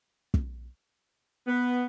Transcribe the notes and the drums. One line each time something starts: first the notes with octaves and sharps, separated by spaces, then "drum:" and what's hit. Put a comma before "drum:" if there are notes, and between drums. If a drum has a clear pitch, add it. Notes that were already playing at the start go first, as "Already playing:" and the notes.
drum: kick
B3